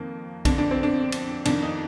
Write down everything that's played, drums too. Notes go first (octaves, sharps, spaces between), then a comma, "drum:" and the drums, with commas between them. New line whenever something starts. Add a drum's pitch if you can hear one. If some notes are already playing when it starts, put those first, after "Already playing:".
Already playing: F2 D#3 A#3
F2 D3 D4, drum: kick, cymbal
D4
C4
D4
drum: cymbal
F2 D#3 D4, drum: cymbal
D#4